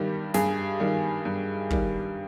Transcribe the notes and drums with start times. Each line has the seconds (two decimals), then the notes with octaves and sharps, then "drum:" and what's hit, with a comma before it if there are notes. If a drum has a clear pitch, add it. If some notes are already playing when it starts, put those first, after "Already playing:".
Already playing: G2 D#3 G3 G4
0.34 G2 G#4, drum: snare
0.80 D#3 G3
1.25 G2
1.70 D#3 G3, drum: kick